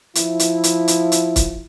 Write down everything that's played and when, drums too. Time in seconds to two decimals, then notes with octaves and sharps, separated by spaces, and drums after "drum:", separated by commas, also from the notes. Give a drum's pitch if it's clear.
0.15 F3 E4, drum: hi-hat
0.39 drum: hi-hat
0.64 drum: hi-hat
0.88 drum: hi-hat
1.12 drum: hi-hat
1.36 drum: kick C#1, hi-hat